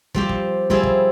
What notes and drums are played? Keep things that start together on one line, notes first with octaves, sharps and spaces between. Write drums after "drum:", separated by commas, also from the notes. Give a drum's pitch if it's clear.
F3 G3 C4 G4, drum: kick
drum: kick
F3 G3 C4 E4 G#4, drum: kick
drum: kick